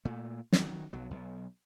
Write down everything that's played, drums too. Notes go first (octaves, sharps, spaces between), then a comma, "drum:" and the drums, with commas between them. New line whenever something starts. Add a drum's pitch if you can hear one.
A#2 A3
D#3 F#3, drum: snare
B1 F#3
B1